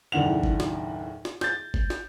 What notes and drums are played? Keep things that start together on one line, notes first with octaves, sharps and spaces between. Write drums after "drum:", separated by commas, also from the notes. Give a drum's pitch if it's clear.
F#1 D#2 A2 D4 F#5 F7
drum: kick G1
drum: snare
drum: snare
G6 A6, drum: snare
drum: kick G1
drum: snare